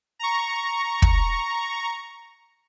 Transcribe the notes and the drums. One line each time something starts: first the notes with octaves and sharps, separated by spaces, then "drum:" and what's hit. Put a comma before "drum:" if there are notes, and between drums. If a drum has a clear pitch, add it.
A#5 C#6
drum: kick